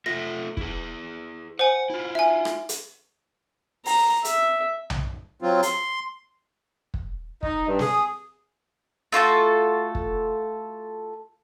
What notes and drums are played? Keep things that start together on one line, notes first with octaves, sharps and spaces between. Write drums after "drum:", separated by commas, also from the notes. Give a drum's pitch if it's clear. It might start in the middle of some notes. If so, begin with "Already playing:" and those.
A3 F4 E5 A#6
E4 G#4, drum: kick
C5 F#5 G#5
E4 F4
E5 G#5
drum: rim click
drum: hi-hat
A#5, drum: open hi-hat
E5, drum: hi-hat
drum: tom B1
F#3 C4 F4
C6, drum: hi-hat
drum: kick
D#4, drum: kick
G2
G#4, drum: snare
A3 F4 F#4 A4
drum: kick